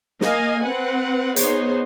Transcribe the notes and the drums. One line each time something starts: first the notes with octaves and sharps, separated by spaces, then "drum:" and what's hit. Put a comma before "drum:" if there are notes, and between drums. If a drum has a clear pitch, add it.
A#3 D#5 F5 G#5, drum: snare
C4 B4 F#5
B3 D#4 G#4 C5 C#5, drum: hi-hat